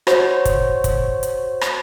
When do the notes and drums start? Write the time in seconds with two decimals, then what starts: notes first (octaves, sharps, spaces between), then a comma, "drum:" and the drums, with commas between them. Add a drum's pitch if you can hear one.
0.07 F#4 C5 C#5, drum: rim click
0.45 drum: kick, hi-hat
0.84 drum: kick, hi-hat
1.23 drum: hi-hat
1.61 drum: rim click